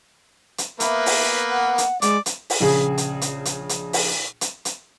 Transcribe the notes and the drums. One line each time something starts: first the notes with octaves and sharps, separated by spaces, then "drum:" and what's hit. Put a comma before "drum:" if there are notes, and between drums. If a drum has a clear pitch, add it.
drum: hi-hat
A#3 B3 B4 E5, drum: hi-hat
drum: open hi-hat
F#5
drum: hi-hat
G#3 D5 D6, drum: hi-hat
drum: hi-hat
drum: open hi-hat
A#1 C#3 G#4
drum: hi-hat
drum: hi-hat
drum: hi-hat
drum: hi-hat
drum: open hi-hat
drum: hi-hat
drum: hi-hat